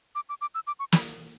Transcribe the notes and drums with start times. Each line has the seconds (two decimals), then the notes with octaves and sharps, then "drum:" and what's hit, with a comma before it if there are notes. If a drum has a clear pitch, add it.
0.15 D6
0.29 D6
0.41 D6
0.55 E6
0.67 D6
0.79 C#6
0.92 B5, drum: snare